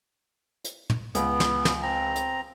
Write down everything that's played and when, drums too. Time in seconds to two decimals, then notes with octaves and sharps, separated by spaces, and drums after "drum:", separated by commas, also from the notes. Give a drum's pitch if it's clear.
0.64 drum: hi-hat
0.90 drum: tom
1.15 C#2 B3, drum: hi-hat
1.40 drum: snare
1.65 drum: snare
1.83 C4 A#5
2.16 drum: hi-hat